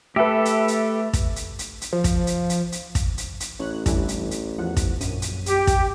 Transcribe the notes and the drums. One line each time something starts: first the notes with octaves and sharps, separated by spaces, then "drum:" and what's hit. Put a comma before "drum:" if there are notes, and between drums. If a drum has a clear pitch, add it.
A3 G4 A4 B4 E5
drum: hi-hat
drum: hi-hat
drum: kick, hi-hat
drum: hi-hat
drum: hi-hat
drum: hi-hat
F3
drum: kick, hi-hat
drum: hi-hat
drum: hi-hat
drum: hi-hat
drum: kick, hi-hat
drum: hi-hat
drum: hi-hat
A1 C#5 F#6
D3 E3 G3, drum: kick, hi-hat
drum: hi-hat
drum: hi-hat
E2 F3 F#5
drum: kick, hi-hat
A#1 F#2 D#7, drum: hi-hat
drum: hi-hat
G4, drum: hi-hat
drum: kick, hi-hat